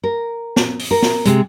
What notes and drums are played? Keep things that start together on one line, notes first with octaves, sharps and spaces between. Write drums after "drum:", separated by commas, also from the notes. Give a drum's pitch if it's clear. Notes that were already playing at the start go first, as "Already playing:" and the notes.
A#4
drum: snare
drum: open hi-hat
A#4
drum: snare
C3 G#3, drum: hi-hat